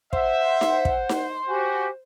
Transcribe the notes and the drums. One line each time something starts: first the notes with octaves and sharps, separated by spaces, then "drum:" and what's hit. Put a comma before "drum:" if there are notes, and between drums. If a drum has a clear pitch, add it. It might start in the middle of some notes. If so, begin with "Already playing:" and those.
C5 E5 F#5, drum: kick
drum: snare D#4
drum: kick
drum: snare D#4
F#4 G4 G#5